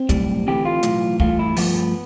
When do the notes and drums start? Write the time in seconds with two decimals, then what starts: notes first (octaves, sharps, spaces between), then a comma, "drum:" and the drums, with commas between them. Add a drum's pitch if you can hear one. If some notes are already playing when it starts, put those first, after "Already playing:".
Already playing: C4
0.09 B1 A2 G3, drum: kick, hi-hat
0.47 D2 C3 E3 A3 G4
0.65 F4
0.83 B1 A2 E3, drum: hi-hat
1.20 G2 E3 A3 F4, drum: kick
1.39 E4
1.56 G2 F3 A3 B3, drum: open hi-hat